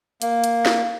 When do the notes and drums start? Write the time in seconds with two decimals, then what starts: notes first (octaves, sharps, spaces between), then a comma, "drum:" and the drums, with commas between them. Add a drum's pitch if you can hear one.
0.22 A#3, drum: hi-hat
0.44 drum: hi-hat
0.66 drum: snare